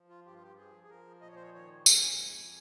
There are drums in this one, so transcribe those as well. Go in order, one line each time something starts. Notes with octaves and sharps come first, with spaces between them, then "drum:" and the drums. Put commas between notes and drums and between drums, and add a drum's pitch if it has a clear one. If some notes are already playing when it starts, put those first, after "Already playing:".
Already playing: F3
F4
G2 G4
F4
G4
F3 G#4
G#4
F3 A#4
A#2 D#5
C#5
C5
C#5
D#3 C#5
G#2, drum: tambourine
G#5
F2